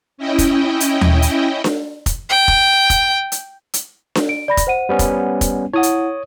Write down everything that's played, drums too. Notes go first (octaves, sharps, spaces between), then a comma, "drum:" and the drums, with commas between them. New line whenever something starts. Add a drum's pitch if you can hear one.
C#4 E4 D#5 G5
drum: kick F1, hi-hat
drum: hi-hat
drum: tom D#2
drum: hi-hat
drum: snare D4
drum: kick F1, hi-hat
G5
drum: kick F1
drum: kick F1, hi-hat
drum: hi-hat
drum: hi-hat
drum: snare D4
D7
D5 B5 A#6
drum: kick F1, hi-hat
C5 F#5 D#7
G3 B3 C#4
drum: kick F1, hi-hat
drum: kick F1, hi-hat
E4 C#5 F#5 D#6
drum: hi-hat